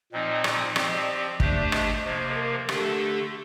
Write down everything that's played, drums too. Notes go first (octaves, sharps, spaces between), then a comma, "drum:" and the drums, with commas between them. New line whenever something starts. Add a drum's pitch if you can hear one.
A#2 F3 C4 D#4 D#5
D5, drum: rim click
F3 C4 G4 D5, drum: rim click
D#5
D5
A3 D4 G4 C5, drum: kick
D#5, drum: rim click
C3 F3 A#3 C5
A4
A#4
D3 A3 D4 G4 A4, drum: rim click